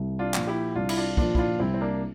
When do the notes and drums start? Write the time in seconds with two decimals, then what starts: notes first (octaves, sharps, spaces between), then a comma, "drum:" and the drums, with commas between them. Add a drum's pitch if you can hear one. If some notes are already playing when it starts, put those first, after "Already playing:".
Already playing: C2
0.19 D4 F4
0.34 A#2 F3, drum: clap
0.47 E4 G4
0.75 C2 D4 F4
0.89 E4, drum: cymbal
0.97 D4 F4
1.17 A#2 F3 D4 F4, drum: kick
1.35 E4, drum: kick
1.38 D4 F4
1.59 C2 C4 E4
1.74 C4
1.81 A#3 D4